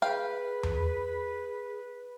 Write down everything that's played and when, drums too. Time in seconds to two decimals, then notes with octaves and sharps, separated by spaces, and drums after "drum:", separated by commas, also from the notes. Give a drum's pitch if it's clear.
0.02 G#4 B4 F5 G5
0.63 drum: tom E2